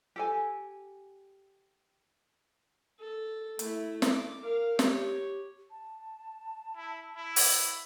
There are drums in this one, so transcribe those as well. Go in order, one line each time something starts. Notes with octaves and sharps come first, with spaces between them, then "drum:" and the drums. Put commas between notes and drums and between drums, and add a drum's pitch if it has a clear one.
G4 A4 G#5
A4
A3 E4, drum: hi-hat
drum: snare
D6
A#4 F5
G4 C#5, drum: snare
A5
E4
E4
drum: open hi-hat